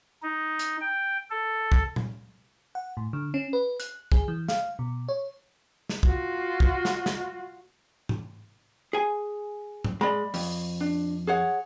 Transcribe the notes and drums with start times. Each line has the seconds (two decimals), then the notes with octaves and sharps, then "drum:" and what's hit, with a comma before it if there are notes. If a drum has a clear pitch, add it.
0.23 D#4
0.59 drum: hi-hat
0.81 G5
1.30 A4
1.72 drum: kick
1.96 drum: tom A#2
2.75 F#5
2.97 A2
3.13 D3
3.34 C#4
3.53 B4
3.80 F#6, drum: hi-hat
4.12 G#4, drum: kick
4.28 E3
4.48 F5, drum: snare
4.79 B2
5.09 C#5
5.89 drum: snare
6.03 F4 F#4, drum: kick
6.60 drum: kick
6.85 drum: snare
7.06 drum: snare
8.09 drum: tom G#2
8.93 G#4 G#5
9.85 drum: tom G#2
10.01 G#3 D5 B5
10.34 F2, drum: open hi-hat
10.80 D4
11.27 G#4 C#5 F#5